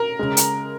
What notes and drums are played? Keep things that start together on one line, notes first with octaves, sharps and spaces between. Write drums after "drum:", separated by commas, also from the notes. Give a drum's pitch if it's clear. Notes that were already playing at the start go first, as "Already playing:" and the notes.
Already playing: A#4
C#3 G#3
drum: hi-hat